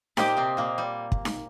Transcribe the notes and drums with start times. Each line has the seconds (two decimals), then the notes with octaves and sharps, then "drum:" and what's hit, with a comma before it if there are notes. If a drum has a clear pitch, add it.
0.17 A#2 A#3 G4 C5 D#5 G5, drum: snare D#4
0.37 C3 C4
0.57 A#2 A#3
0.78 G3
1.12 drum: kick
1.25 drum: snare D#4